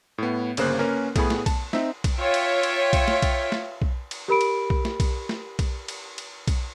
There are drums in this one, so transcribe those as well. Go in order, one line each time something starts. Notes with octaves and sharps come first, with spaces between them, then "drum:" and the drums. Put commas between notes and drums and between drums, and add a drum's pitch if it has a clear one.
A2 B3
G1 C#3 A#3 C5 F#6, drum: cymbal
A#3 C#4 A#4 B4
A2 A3 B3 G#4 B5, drum: kick B1, cymbal
drum: snare
A5, drum: kick B1, cymbal
C4 D#4 E5, drum: snare
drum: kick B1, cymbal
F4 C#5 E5 G5
drum: cymbal
drum: cymbal
drum: kick B1, cymbal
drum: snare
drum: kick B1, cymbal
drum: snare
drum: kick B1
drum: cymbal
G4 A#4 B5 D7
drum: cymbal
drum: kick B1
drum: snare
drum: kick B1, cymbal
drum: snare
drum: kick B1, cymbal
drum: cymbal
drum: cymbal
drum: kick B1, cymbal